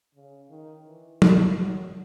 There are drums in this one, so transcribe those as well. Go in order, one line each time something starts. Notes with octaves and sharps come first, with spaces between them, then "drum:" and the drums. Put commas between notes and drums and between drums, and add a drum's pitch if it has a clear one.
C#3
D#3
E3
F#3, drum: tom
F#3